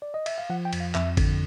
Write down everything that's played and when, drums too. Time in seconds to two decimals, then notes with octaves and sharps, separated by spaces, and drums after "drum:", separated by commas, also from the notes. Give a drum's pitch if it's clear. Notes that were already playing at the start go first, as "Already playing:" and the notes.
0.02 D5
0.14 D#5
0.26 E5, drum: cymbal
0.38 F5
0.50 F3 F#5
0.65 G5
0.73 F2, drum: cymbal
0.80 F5
0.95 F2 E5, drum: clap
1.17 D3, drum: kick G#1, cymbal